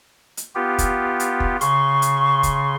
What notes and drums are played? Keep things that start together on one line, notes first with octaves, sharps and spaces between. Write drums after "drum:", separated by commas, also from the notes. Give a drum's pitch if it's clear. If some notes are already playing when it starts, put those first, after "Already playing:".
drum: hi-hat
B3 F4 G4
drum: kick, hi-hat
drum: hi-hat
drum: kick
C#3 C6 C#6, drum: hi-hat
drum: hi-hat
drum: kick, hi-hat